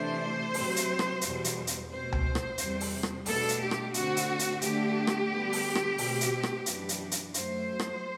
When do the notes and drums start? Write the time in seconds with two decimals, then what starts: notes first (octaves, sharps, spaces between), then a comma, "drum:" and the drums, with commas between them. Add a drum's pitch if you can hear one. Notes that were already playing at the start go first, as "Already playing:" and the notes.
Already playing: C3 E3 A3 D4 C5
0.54 C3 F#3 C4, drum: open hi-hat
0.76 drum: hi-hat
0.99 drum: rim click
1.21 E2 B2 G3, drum: hi-hat
1.44 drum: hi-hat
1.67 drum: hi-hat
1.90 B2 A3 C4 C5
2.12 drum: tom C#2
2.35 drum: rim click
2.58 E2 C3 G3, drum: hi-hat
2.80 drum: open hi-hat
3.03 drum: rim click
3.26 B2 A3 D4 A4, drum: open hi-hat
3.49 drum: hi-hat
3.60 G4
3.71 drum: rim click
3.94 D3 A3 C4 F#4, drum: hi-hat
4.17 drum: hi-hat
4.39 drum: hi-hat
4.62 D3 A3 D4 G4, drum: hi-hat
5.07 drum: rim click
5.30 D3 G3 B3
5.53 drum: open hi-hat
5.75 drum: rim click
5.98 B2 A3 C4, drum: open hi-hat
6.21 drum: hi-hat
6.43 drum: rim click
6.66 F#2 E3 B3 D4, drum: hi-hat
6.89 drum: hi-hat
7.11 drum: hi-hat
7.34 F#2 F#3 A3 C5, drum: hi-hat
7.80 drum: rim click